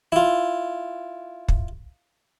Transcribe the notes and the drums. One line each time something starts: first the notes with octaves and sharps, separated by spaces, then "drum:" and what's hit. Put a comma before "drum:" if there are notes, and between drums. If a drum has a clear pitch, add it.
E4 F4
drum: kick